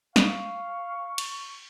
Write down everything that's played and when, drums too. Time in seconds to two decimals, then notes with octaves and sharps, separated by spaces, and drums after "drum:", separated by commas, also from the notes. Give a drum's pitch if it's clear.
0.16 F5 C#6, drum: snare
1.18 drum: cymbal